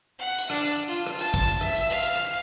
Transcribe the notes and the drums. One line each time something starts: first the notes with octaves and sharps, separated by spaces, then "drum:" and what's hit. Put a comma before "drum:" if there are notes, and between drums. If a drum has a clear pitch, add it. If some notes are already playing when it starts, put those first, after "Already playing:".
F#5
drum: hi-hat
D4, drum: rim click
drum: hi-hat
F4
drum: rim click
A5, drum: hi-hat
drum: kick
drum: hi-hat
E5, drum: rim click
drum: hi-hat
F5, drum: hi-hat
drum: hi-hat
drum: rim click